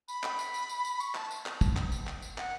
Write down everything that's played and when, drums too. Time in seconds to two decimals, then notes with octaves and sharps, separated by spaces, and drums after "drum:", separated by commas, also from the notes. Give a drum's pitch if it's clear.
0.08 B5, drum: tambourine
0.23 drum: clap
0.39 drum: tambourine
0.54 drum: tambourine
0.69 drum: tambourine
0.85 drum: tambourine
1.00 C#6, drum: tambourine
1.15 A5, drum: clap
1.31 drum: tambourine
1.46 drum: clap
1.61 drum: kick, tambourine
1.77 drum: clap
1.92 drum: tambourine
2.07 drum: clap
2.22 drum: tambourine
2.38 F#5, drum: clap